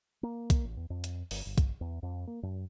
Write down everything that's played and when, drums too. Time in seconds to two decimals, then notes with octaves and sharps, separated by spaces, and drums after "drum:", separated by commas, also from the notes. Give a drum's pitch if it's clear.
0.23 A#3
0.50 drum: kick B1, hi-hat
0.65 A1
0.77 E2
0.90 F2
1.04 drum: hi-hat
1.31 G1, drum: open hi-hat
1.45 G1
1.58 drum: kick B1, hi-hat
1.81 E2
2.03 F2
2.27 A#3
2.43 F#2